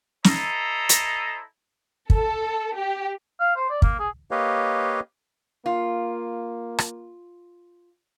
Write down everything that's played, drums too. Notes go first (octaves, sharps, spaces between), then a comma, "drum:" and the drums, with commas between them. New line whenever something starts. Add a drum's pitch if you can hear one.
E4 A4 C5 D#5 A#5, drum: snare
drum: hi-hat
A4, drum: kick
G4
F5
C5
D5
A#3, drum: kick
G#4
A#3 G4 B4 C#5 D#5 F5
A#3 F4
drum: rim click